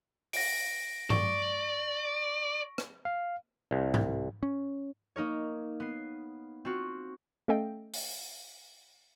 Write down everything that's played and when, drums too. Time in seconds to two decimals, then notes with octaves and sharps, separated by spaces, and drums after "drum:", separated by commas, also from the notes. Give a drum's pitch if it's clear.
0.33 A#6 D7, drum: open hi-hat
1.10 D5 C#6, drum: tom G2
2.78 drum: rim click
3.05 F5
3.71 C2
3.94 drum: tom G#2
4.43 C#4
5.16 A#3 D#4 A#4 C#5
5.80 B3 C7
6.65 C4 F4 F#4
7.48 A3 C#4 A4 D#5 F5 G5
7.94 drum: open hi-hat